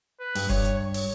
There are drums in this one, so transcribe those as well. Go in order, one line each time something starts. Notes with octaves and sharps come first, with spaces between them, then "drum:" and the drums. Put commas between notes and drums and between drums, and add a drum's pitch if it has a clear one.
B4
G2, drum: open hi-hat
G2 C#5, drum: kick F1, hi-hat
drum: hi-hat
C#5
drum: open hi-hat